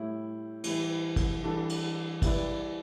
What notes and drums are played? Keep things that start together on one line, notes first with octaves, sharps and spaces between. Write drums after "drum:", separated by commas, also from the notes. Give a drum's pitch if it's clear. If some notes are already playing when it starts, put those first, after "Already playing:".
Already playing: A2 G3 E4
E3 G3 E4, drum: cymbal
drum: kick, cymbal
E3 G3 D4 A4
drum: cymbal
G3 E4 B4 D5, drum: kick, cymbal